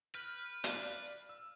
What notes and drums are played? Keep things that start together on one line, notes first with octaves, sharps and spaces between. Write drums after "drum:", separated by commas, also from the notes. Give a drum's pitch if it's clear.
B4 F6 G6
D5 F5, drum: hi-hat
E6